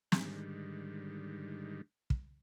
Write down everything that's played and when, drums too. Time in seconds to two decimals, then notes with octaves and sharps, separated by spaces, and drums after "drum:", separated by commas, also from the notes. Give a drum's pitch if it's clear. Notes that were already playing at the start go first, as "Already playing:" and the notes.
0.12 G#2 D3 D#3 G3, drum: snare
2.10 drum: kick